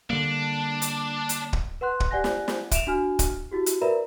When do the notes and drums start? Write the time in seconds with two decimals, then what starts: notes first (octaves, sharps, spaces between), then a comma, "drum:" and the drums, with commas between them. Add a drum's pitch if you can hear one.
0.10 D3 G3 A#3 D4
0.82 drum: hi-hat
1.29 drum: hi-hat
1.53 drum: kick
1.81 B4 F#5 C6 F#6
2.00 drum: kick
2.11 G4 D5 F#5 G#5 F#6 A#6
2.24 drum: snare
2.48 drum: snare
2.71 E5 D7 E7 F7, drum: kick, hi-hat
2.87 D4 F#4 G#5 F6
3.19 drum: kick, hi-hat
3.51 E4 F#4 G4
3.66 drum: hi-hat
3.81 A#4 B4 D5 E5 A#5 B5